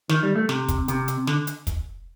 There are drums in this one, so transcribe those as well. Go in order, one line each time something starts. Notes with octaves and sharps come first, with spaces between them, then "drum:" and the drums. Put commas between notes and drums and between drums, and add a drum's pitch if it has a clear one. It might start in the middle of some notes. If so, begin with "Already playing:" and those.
D#3, drum: snare
G3
A3
C3, drum: snare
drum: kick, hi-hat
C3, drum: hi-hat
drum: hi-hat
D3, drum: snare
drum: hi-hat
drum: kick, hi-hat